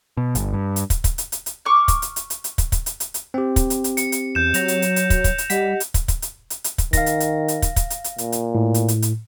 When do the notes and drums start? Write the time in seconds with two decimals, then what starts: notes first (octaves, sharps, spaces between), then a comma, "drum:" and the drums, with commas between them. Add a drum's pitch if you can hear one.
0.17 B2
0.35 G1, drum: hi-hat
0.53 G2
0.76 drum: hi-hat
0.90 drum: kick, hi-hat
1.04 drum: kick, hi-hat
1.18 drum: hi-hat
1.32 drum: hi-hat
1.46 drum: hi-hat
1.65 C#6 D6 F6
1.88 drum: kick, hi-hat
2.02 drum: hi-hat
2.16 drum: hi-hat
2.30 drum: hi-hat
2.44 drum: hi-hat
2.58 drum: kick, hi-hat
2.72 drum: kick, hi-hat
2.86 drum: hi-hat
3.00 drum: hi-hat
3.14 drum: hi-hat
3.34 C4 G4
3.56 drum: kick, hi-hat
3.70 drum: hi-hat
3.84 drum: hi-hat
3.97 C#7, drum: hi-hat
4.12 drum: hi-hat
4.35 E2 G6 E7
4.54 F#3 C#5 A#6 F7, drum: hi-hat
4.68 drum: hi-hat
4.82 drum: hi-hat
4.96 drum: hi-hat
5.10 drum: kick, hi-hat
5.24 drum: kick, hi-hat
5.38 drum: hi-hat
5.50 G3 G4 D#5 F#5 B6, drum: hi-hat
5.80 drum: hi-hat
5.94 drum: kick, hi-hat
6.08 drum: kick, hi-hat
6.22 drum: hi-hat
6.50 drum: hi-hat
6.64 drum: hi-hat
6.78 drum: kick, hi-hat
6.93 D#3 F5 A#6, drum: kick, hi-hat
7.06 drum: hi-hat
7.20 drum: hi-hat
7.48 drum: hi-hat
7.62 drum: kick, hi-hat
7.76 drum: kick, hi-hat
7.90 drum: hi-hat
8.04 drum: hi-hat
8.18 A#2, drum: hi-hat
8.32 drum: hi-hat
8.55 A2
8.74 drum: hi-hat
8.88 drum: hi-hat
9.02 drum: hi-hat